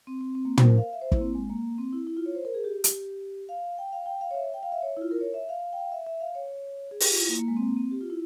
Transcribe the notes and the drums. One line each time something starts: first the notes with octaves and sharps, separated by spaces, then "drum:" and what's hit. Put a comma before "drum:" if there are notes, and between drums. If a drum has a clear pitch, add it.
C4
C4
C4
A#3
C5, drum: tom
A#4
F5
E5
C5
E4, drum: kick
A#3
C4
G#3
A#3
C4
E4
E4
F4
C#5
C5
A#4
G#4
G4
drum: hi-hat
F5
G5
F5
G5
F5
C#5
E5
G5
F5
E5
C#5
E4
F4
A#4
C#5
E5
F5
G5
F5
E5
E5
F5
C#5
G#4
G4, drum: open hi-hat
F4
E4
A#3
A#3
G#3
C4
A#3
C4
G4
F4
E4